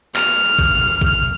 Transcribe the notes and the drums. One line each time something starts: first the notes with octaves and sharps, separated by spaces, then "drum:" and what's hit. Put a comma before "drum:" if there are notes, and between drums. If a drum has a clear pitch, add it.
F6, drum: clap
drum: kick A#1
drum: kick A#1